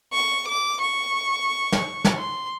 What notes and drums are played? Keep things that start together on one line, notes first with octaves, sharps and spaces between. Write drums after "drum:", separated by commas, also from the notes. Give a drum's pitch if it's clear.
C#6
D6
C#6
drum: snare
drum: snare
C6